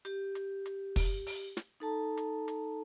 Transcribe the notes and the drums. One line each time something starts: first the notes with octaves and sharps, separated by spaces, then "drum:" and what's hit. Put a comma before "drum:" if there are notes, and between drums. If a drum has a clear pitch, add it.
G4, drum: hi-hat
drum: hi-hat
drum: hi-hat
drum: kick, open hi-hat
drum: open hi-hat
drum: snare
D#4 A4 A5 A#5
drum: hi-hat
drum: hi-hat